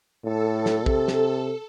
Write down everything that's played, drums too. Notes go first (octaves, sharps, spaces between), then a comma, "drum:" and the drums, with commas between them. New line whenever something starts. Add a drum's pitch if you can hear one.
A2 A4
drum: snare
C3, drum: kick
drum: snare